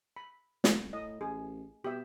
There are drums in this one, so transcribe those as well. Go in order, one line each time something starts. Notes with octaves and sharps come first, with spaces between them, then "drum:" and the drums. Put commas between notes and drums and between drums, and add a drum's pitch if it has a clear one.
B5
C2, drum: snare
A2 D#5
A1 G#4
B2 G4 E5